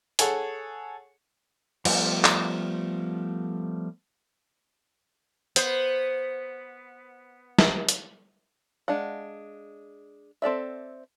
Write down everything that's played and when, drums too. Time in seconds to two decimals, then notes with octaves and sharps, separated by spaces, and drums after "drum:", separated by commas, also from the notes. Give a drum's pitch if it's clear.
0.19 G#4 A4 C#5 F#5, drum: hi-hat
1.85 F3 G3 A3 B3, drum: cymbal
2.24 drum: clap
5.56 B3 C5, drum: hi-hat
7.59 drum: snare
7.89 drum: hi-hat
8.88 G#3 D4 F5 F#5
10.42 C4 A4 D5 E5